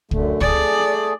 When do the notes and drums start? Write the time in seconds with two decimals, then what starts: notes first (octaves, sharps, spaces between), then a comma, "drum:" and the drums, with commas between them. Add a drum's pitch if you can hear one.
0.11 F#2 D3 A3, drum: kick
0.41 A3 G#4 D5, drum: kick